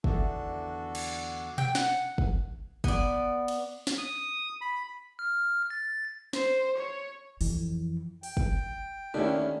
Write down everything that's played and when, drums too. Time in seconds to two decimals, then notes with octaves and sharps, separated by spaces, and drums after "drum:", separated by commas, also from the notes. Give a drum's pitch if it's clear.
0.04 E2 D3 A3 D4 F#4 A4, drum: kick
0.95 drum: cymbal
1.58 G5, drum: tom B2
1.75 F#5, drum: snare
2.18 drum: kick
2.84 B3 D5, drum: kick
3.48 drum: cymbal
3.87 drum: snare
3.98 D#6
4.61 B5
5.19 F6
5.70 A6
6.33 C5, drum: snare
6.78 C#5
7.41 F2 E3, drum: open hi-hat
8.23 G5, drum: open hi-hat
8.37 drum: kick
9.14 D#2 A2 D3 D#3 C#4 D4 E4 G4